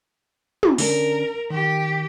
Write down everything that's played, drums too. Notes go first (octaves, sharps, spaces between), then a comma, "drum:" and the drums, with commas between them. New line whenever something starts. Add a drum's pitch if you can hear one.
drum: tom
D3 C#4 D4 A#4, drum: open hi-hat
D#3 G4